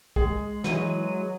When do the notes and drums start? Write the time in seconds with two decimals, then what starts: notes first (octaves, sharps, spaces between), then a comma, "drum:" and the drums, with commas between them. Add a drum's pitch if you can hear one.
0.16 G#3 G#4, drum: kick
0.64 E3 F#3 D#7, drum: snare